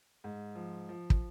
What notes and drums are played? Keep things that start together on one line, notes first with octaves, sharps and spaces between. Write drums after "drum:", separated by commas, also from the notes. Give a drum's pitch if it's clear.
G#2
F3
F3
drum: kick